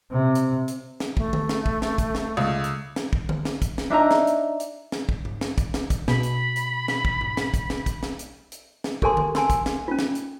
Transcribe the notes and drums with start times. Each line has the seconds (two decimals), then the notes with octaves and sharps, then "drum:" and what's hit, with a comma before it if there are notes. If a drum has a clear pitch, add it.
0.11 C3
0.35 drum: hi-hat
0.68 drum: hi-hat
1.00 drum: snare
1.17 A3, drum: kick
1.33 drum: tom D3
1.49 drum: snare
1.66 drum: kick
1.82 drum: snare
1.98 drum: kick, hi-hat
2.15 drum: snare
2.37 C#2
2.64 drum: hi-hat
2.96 drum: snare
3.13 drum: kick
3.29 drum: tom D3
3.45 drum: snare
3.62 drum: kick, hi-hat
3.78 drum: snare
3.90 D4 D#4 E5 A#5
4.11 drum: snare
4.27 drum: hi-hat
4.60 drum: hi-hat
4.92 drum: snare
5.09 drum: kick
5.25 drum: tom G#2
5.41 drum: snare
5.58 drum: kick, hi-hat
5.74 drum: snare
5.90 drum: kick, hi-hat
6.08 B2 B5, drum: snare
6.23 drum: hi-hat
6.56 drum: hi-hat
6.88 drum: snare
7.05 drum: kick
7.21 drum: tom G#2
7.37 drum: snare
7.54 drum: kick, hi-hat
7.70 drum: snare
7.86 drum: kick, hi-hat
8.03 drum: snare
8.19 drum: hi-hat
8.52 drum: hi-hat
8.84 drum: snare
9.02 G4 A4 A#4 G#5 C6, drum: kick
9.17 drum: tom D3
9.35 G#5 C6 E6, drum: snare
9.50 drum: kick, hi-hat
9.66 drum: snare
9.88 C#4 F4
9.99 drum: snare
10.15 drum: hi-hat